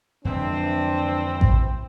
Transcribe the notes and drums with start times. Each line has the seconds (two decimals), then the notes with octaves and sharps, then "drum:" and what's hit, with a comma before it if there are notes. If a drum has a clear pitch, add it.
0.25 F2 D3 E3 G#3 C4 D4
1.41 drum: kick A1